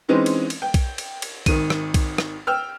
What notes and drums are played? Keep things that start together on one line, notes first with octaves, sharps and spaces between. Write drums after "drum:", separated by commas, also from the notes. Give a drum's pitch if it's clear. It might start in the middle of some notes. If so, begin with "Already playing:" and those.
E3 G#3 C4 C#4 D#4 B4
drum: cymbal
drum: cymbal
G5
drum: kick B1, cymbal
drum: cymbal
drum: cymbal
G#1 D#3 D#7, drum: kick B1, cymbal
drum: rim click
drum: kick B1, cymbal
drum: rim click
G5 E6 F6